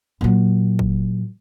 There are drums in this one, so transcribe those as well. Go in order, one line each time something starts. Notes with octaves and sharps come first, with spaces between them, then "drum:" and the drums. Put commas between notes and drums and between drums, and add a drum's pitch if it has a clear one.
A#2 F#3
drum: kick